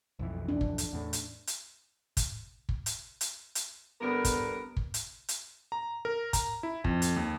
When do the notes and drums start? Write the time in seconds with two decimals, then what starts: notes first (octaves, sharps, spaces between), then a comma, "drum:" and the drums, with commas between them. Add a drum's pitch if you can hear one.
0.19 B1 F2 E3
0.49 D4
0.61 drum: kick
0.78 drum: hi-hat
0.93 E2 A2
1.13 drum: hi-hat
1.47 drum: hi-hat
2.17 drum: kick, hi-hat
2.69 drum: kick
2.86 drum: hi-hat
3.21 drum: hi-hat
3.55 drum: hi-hat
4.00 G2 D3 B3 A#4
4.25 drum: kick, hi-hat
4.77 drum: kick
4.94 drum: hi-hat
5.28 drum: hi-hat
5.72 A#5
6.05 A#4
6.33 A#5, drum: kick, hi-hat
6.63 E4
6.84 F2, drum: kick
7.02 drum: hi-hat
7.16 D#2